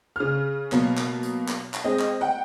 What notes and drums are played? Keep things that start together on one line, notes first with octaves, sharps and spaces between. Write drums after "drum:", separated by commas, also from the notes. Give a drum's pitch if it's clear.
C#3 F6
B2 F#3 A#3 B3, drum: clap
drum: clap
drum: hi-hat
drum: clap
drum: clap
G#3 C4 D#5
drum: clap
F#5 G5